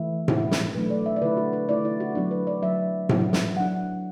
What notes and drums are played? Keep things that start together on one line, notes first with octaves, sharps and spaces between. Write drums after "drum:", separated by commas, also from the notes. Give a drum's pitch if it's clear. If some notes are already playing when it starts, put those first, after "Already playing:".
Already playing: E3 A3 E4 E5
B2 B3 E4, drum: tom A2
drum: snare
B2 F#3 A3 D4 B4
D5
E5
D5
D3 A3 E4 B4
F#4
B4
D3 A3 E4 D5
E4
F#4
F#3 B3 D4 D5
B4
D5
F#3 D4 E5
F#3 B3 E4, drum: tom A2
drum: snare
F#3 D4 F#5